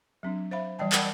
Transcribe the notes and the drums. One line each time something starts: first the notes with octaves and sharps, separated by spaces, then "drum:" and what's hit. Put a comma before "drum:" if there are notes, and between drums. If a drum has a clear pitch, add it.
F#3 C4 D4
C5 E5 F5 B5
E3 G3 D#5 G5 A5
A#4 D5 F#5 G5 A5 B5, drum: clap